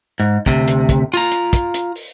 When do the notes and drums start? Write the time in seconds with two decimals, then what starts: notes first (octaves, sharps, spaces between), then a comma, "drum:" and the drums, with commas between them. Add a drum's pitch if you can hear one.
0.20 G#2
0.46 D2 C3, drum: kick
0.68 drum: hi-hat
0.89 drum: kick, hi-hat
1.14 F4 A#5
1.32 drum: hi-hat
1.53 drum: kick, hi-hat
1.74 drum: hi-hat
1.96 drum: open hi-hat